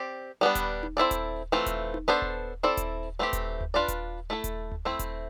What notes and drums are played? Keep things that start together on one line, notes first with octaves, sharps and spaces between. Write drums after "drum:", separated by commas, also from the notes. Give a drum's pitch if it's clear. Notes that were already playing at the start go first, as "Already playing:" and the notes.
Already playing: C4 G4 D5
G3 B3 D4
drum: kick D#1, hi-hat
drum: tom D#4
C4 E4 A4 D5
drum: kick D#1, hi-hat
E3 A3 C4 F4
drum: kick D#1, hi-hat
drum: tom D#4
B3 D4 A4 C5
drum: kick D#1
C4 E4 A4 D5
drum: kick D#1, hi-hat
E3 A3 C4 G4
drum: kick D#1, hi-hat
drum: tom D2
D4 F4 B4 D5
drum: kick D#1, hi-hat
A3 E4 A4
drum: kick D#1, hi-hat
drum: tom D2
A3 C4 E4
drum: kick D#1, hi-hat